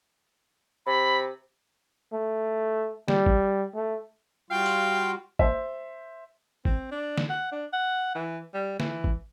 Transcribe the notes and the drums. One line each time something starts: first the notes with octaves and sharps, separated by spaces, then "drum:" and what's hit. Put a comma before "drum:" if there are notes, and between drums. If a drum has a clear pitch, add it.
C3 B5
A3
G3, drum: snare
drum: kick
A3
G3 F4 F#4 F5 G5
drum: tambourine
C5 E5, drum: kick
C4, drum: kick
D4
drum: snare
F#5
D4
F#5
E3
G3
E3, drum: snare
drum: kick